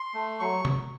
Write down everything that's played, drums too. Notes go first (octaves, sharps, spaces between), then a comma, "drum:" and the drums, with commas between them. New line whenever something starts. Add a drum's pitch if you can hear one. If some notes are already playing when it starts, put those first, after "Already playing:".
Already playing: C6
A3
F#3 C#6
drum: tom